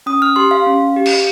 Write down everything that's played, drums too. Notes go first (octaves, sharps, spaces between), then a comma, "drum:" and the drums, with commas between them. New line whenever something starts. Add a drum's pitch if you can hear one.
C#4 D#6
F6
G4 C6
F5
C#4
G4
drum: cymbal